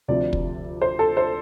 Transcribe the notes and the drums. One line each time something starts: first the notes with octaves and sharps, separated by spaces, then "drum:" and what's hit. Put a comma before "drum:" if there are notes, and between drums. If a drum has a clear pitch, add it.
D2 C3 F3 D5
drum: kick
C5
A4
C5